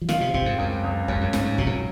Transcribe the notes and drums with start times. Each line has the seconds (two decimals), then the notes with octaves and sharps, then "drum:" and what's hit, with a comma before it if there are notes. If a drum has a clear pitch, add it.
0.01 F3
0.09 D#3 F4, drum: snare
0.21 C3
0.34 C3 C4, drum: kick
0.46 G#2
0.58 C#2 F#2
0.83 C#2
1.08 F#2 C#4, drum: kick
1.21 F#2
1.33 G#2 C#4, drum: snare
1.45 G#2
1.58 C3 F#3, drum: kick
1.67 A#2